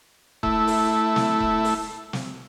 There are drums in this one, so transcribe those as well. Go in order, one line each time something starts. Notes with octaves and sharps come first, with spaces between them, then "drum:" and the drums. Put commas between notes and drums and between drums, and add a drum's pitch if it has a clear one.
A3 E4, drum: kick E1
drum: open hi-hat
drum: snare
drum: kick E1
drum: open hi-hat
drum: snare